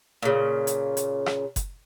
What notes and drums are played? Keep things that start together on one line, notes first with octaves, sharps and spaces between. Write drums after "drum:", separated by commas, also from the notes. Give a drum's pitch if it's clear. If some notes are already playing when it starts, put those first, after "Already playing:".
A#2 C#3
drum: hi-hat
drum: hi-hat
drum: rim click
drum: kick F#1, hi-hat